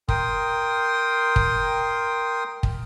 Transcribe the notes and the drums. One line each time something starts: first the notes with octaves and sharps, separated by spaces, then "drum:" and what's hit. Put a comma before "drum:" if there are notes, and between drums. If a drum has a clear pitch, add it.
A#4 G5 C6 D#6, drum: kick
drum: kick
drum: kick